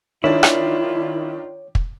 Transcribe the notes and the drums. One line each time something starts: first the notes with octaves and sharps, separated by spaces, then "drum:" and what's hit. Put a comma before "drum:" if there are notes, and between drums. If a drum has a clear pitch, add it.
D#3 D4 E4 F4 C#5 D5
drum: rim click
drum: kick